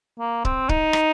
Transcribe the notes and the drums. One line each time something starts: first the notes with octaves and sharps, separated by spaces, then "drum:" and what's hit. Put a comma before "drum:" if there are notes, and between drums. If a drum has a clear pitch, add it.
A#3
C4, drum: kick C#1
D#4, drum: kick C#1
drum: rim click